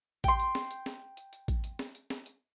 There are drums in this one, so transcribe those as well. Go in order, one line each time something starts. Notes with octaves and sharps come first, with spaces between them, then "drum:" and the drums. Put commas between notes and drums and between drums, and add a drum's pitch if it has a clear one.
G5 C6, drum: kick A1, hi-hat
drum: hi-hat
drum: snare
drum: hi-hat
drum: snare
drum: hi-hat
drum: hi-hat
drum: kick A1, hi-hat
drum: hi-hat
drum: snare
drum: hi-hat
drum: snare
drum: hi-hat